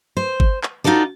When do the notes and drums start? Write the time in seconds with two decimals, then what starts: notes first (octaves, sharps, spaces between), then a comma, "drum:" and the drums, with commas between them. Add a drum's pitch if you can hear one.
0.17 C5
0.40 drum: kick G1
0.63 drum: clap
0.84 D#4 F4 F#4 A4 D5